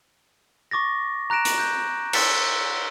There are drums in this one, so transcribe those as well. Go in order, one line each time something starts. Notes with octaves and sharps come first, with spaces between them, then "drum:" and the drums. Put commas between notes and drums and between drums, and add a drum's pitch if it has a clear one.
C#6 D6 A6 A#6
A#5 F#6 A#6 D7 E7
drum: hi-hat
F#6 G6
C6 E6 A6 B6 C#7 E7, drum: cymbal